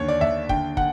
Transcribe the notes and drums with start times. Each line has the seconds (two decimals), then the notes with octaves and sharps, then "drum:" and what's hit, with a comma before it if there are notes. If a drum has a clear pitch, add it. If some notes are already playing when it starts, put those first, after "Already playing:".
Already playing: D#2 D3 C#5
0.08 D5
0.21 D#2 E5
0.49 D3 G5, drum: kick
0.77 D3 F#5, drum: kick